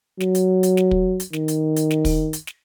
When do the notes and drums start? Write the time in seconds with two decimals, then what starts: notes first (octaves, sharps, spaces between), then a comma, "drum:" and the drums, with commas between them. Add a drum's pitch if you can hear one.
0.20 F#3, drum: snare
0.35 drum: hi-hat
0.63 drum: hi-hat
0.77 drum: snare
0.91 drum: kick
1.20 drum: hi-hat
1.33 D#3, drum: snare
1.48 drum: hi-hat
1.76 drum: hi-hat
1.91 drum: snare
2.05 drum: kick, open hi-hat
2.33 drum: hi-hat
2.47 drum: snare